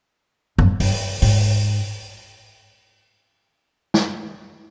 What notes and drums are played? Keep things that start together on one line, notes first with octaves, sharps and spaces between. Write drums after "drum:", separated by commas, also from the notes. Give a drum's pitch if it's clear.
F#2, drum: tom
G2, drum: open hi-hat
G#2, drum: open hi-hat
drum: snare